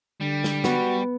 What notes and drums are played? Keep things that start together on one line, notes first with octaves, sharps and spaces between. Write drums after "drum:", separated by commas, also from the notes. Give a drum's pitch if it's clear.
D3 G3
drum: snare
B3 F#4, drum: snare